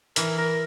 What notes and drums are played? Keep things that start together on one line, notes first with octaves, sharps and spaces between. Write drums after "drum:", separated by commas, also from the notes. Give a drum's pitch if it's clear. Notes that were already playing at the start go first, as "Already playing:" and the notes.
E3 A#4, drum: hi-hat
A#4